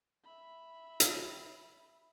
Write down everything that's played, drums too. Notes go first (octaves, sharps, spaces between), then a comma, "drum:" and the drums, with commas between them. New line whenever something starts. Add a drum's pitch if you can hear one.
E5 B5
drum: hi-hat